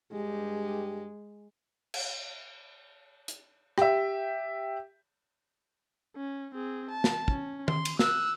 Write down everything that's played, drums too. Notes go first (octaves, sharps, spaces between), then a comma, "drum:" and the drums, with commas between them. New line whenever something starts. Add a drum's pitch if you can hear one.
G2 G#3 G4
drum: cymbal
drum: hi-hat
G4 E5, drum: rim click
C#4
C4 G#4
A5
drum: snare
C#4, drum: kick
C6, drum: tom D#3
drum: cymbal
E6 F#6, drum: snare